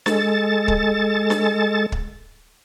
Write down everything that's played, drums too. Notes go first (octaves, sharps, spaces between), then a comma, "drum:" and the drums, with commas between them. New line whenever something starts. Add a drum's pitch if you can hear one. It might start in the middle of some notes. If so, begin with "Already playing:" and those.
G#3 A4 A6, drum: snare
drum: kick
drum: snare
drum: kick